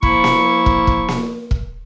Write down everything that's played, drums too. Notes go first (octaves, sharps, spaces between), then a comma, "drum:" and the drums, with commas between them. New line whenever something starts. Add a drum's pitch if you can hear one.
F3 A#3 E4 C#6, drum: kick
drum: snare A#3
drum: kick
drum: kick
drum: snare A#3
drum: kick